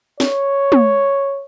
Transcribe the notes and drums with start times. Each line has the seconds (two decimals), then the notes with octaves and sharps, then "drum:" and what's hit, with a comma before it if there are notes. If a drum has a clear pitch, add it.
0.20 C#5, drum: snare
0.72 drum: tom